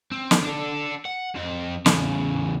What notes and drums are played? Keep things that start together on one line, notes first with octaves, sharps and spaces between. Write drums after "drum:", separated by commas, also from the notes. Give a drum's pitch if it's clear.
C4
drum: snare
D4 A4
F#5
F2 C4
E2 C#3, drum: snare